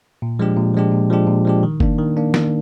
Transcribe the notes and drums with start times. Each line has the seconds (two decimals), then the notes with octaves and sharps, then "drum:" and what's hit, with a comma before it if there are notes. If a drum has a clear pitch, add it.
0.22 A#2
0.39 F3 G#3 D4 G4
0.57 A#2
0.74 F3 G#3 D4 G4
0.92 A#2
1.10 F3 G#3 D4 G4
1.27 A#2
1.45 F3 G#3 D4 G4
1.63 D#3
1.80 A#3 D4, drum: kick F#1
1.98 D#3
2.17 A#3 D4
2.34 D#3, drum: snare